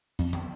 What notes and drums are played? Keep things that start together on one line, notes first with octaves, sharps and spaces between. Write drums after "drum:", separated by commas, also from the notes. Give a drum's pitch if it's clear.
F2, drum: hi-hat
drum: tom